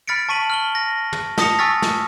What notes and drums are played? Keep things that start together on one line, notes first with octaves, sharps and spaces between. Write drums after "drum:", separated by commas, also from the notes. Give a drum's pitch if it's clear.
B5 F6 A6 B6 C#7 D7
A5 C#6 B6 D#7 F#7
F6 F#7 G7
A#6
drum: tom
A5 D#6 A#6 C#7 F7, drum: snare
G#5 C#6 E6 F6 A6 B6
drum: snare